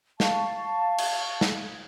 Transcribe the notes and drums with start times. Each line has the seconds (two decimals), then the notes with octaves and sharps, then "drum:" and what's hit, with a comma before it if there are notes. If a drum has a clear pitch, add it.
0.20 F5 A5 C#6, drum: snare
0.98 drum: cymbal
1.41 drum: snare